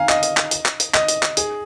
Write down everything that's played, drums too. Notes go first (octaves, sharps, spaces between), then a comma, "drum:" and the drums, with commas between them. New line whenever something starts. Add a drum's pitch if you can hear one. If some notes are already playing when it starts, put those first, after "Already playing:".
Already playing: F5 G#5 A#5
D#5, drum: clap
drum: hi-hat
drum: clap
drum: hi-hat
drum: clap
drum: hi-hat
D#5, drum: clap
drum: hi-hat
drum: clap
G#4, drum: hi-hat